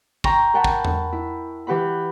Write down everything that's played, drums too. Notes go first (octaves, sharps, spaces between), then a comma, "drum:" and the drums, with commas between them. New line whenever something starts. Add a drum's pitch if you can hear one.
G5 A#5 C6 C#6, drum: kick
A#4 F#5 G5 A5 B5
drum: kick
drum: tom E2
E4
E3 G4 B4 F#5 B5